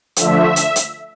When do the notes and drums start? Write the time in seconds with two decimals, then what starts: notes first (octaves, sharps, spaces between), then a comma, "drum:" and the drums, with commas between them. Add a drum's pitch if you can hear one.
0.16 D3 F3 A3 E5, drum: hi-hat
0.56 drum: hi-hat
0.76 drum: hi-hat